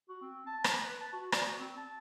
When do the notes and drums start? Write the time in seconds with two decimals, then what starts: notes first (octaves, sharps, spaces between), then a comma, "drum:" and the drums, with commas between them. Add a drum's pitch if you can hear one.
0.09 F#4
0.22 C4
0.46 A5
0.64 B5, drum: rim click
0.85 B4
1.00 A5
1.13 F#4
1.32 D5, drum: rim click
1.46 F#4
1.59 C4
1.77 A5